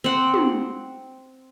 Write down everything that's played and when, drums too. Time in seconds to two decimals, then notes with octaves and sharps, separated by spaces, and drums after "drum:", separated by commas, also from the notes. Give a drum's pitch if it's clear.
0.04 C4 F#5
0.34 drum: tom